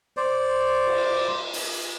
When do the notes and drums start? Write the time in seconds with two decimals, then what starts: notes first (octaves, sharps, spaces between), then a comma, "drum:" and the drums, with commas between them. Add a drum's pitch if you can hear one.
0.17 C5 D5
0.87 drum: cymbal
1.53 drum: open hi-hat